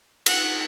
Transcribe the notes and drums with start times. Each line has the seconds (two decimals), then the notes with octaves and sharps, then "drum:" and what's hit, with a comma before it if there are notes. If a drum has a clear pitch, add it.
0.26 F#5, drum: cymbal